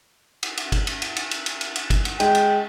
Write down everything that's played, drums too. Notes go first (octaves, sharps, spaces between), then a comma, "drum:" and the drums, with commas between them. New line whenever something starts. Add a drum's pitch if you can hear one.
drum: cymbal
drum: cymbal
drum: kick, cymbal
drum: cymbal
drum: cymbal
drum: cymbal
drum: cymbal
drum: cymbal
drum: cymbal
drum: cymbal
drum: kick, cymbal
drum: cymbal
G#3 G5, drum: cymbal
drum: cymbal